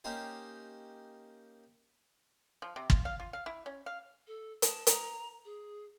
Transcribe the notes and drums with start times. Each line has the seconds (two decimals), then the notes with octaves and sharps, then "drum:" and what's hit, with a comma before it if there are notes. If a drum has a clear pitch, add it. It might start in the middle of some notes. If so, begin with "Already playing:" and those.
0.04 A#3 C#4 D#4 G4 C5
2.62 F3
2.76 C3
2.90 F4, drum: kick
3.05 F5
3.20 F4
3.33 F5
3.46 E4
3.66 C#4
3.86 F5
4.27 A4
4.62 A5, drum: hi-hat
4.87 A#5, drum: hi-hat
5.45 G#4